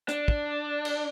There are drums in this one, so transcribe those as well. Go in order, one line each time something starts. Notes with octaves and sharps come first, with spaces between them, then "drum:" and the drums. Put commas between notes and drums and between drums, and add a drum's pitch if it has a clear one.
D4, drum: hi-hat
drum: kick
drum: cymbal